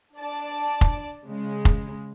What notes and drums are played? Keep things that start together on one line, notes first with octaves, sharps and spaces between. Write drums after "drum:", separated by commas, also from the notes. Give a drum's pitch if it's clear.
D4 D5 A5
drum: kick F1
C#3 G#3
drum: kick F1